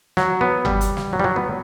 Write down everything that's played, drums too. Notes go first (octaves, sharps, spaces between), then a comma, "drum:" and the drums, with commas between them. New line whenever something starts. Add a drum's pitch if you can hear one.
F#3, drum: snare
B3
G3, drum: tom G1
drum: hi-hat
drum: snare
F#3
G3
F#3
B3